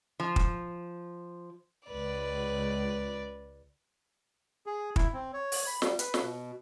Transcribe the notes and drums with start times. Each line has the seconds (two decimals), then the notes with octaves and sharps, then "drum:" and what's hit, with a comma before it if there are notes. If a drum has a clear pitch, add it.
0.20 F3
0.36 drum: kick
1.88 C#2 B4 D5
4.66 G#4
4.96 E4, drum: kick
5.13 C4
5.33 C#5
5.52 drum: open hi-hat
5.67 B5
5.82 G3, drum: snare
5.99 B4, drum: hi-hat
6.14 drum: snare
6.23 B2